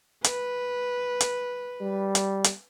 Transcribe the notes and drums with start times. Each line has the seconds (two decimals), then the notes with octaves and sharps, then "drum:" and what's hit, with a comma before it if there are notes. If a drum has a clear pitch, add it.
0.24 B4, drum: hi-hat
1.21 drum: hi-hat
1.81 G3
2.15 drum: hi-hat
2.44 drum: hi-hat